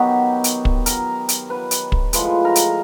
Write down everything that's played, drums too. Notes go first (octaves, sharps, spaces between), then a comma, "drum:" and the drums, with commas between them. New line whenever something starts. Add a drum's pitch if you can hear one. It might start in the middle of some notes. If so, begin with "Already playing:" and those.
Already playing: D#3 F#3 B3 G4
drum: hi-hat
drum: kick
A#4, drum: hi-hat
drum: hi-hat
B4
drum: hi-hat
drum: kick
A2 F3 G#3 B4, drum: hi-hat
A#4
drum: hi-hat